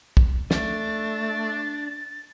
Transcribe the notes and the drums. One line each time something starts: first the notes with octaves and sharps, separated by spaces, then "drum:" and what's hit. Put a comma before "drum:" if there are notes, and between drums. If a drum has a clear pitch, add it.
drum: kick
A3 D4 D5 A6, drum: snare